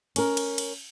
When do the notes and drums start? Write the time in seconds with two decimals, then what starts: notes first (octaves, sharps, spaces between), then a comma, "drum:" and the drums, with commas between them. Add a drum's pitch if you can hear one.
0.16 C#4 A#4, drum: cymbal
0.37 drum: cymbal
0.58 drum: cymbal